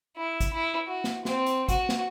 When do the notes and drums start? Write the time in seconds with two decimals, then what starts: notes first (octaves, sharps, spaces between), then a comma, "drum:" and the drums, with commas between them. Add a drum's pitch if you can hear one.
0.17 E4
0.40 drum: kick, hi-hat
0.53 E4
0.87 F#4
1.04 drum: snare
1.25 C4, drum: snare
1.46 drum: hi-hat
1.69 F#4, drum: kick, hi-hat
1.89 drum: snare